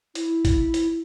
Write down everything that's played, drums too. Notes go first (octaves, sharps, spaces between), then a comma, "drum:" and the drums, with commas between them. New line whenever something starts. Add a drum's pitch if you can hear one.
E4, drum: hi-hat
drum: kick G#1, hi-hat
drum: hi-hat